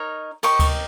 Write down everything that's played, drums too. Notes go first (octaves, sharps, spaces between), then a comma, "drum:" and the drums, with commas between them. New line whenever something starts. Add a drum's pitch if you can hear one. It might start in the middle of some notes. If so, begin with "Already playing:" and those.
Already playing: D#4 A#4 C#5
G4 A#4 D#5 C#6, drum: cymbal
drum: kick D2, cymbal